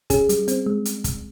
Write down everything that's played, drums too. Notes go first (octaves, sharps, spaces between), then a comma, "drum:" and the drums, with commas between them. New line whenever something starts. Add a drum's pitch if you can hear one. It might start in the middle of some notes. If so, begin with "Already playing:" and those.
C#4 G#4, drum: kick, hi-hat
G3, drum: hi-hat
C4, drum: hi-hat
G#3
drum: hi-hat
drum: kick, hi-hat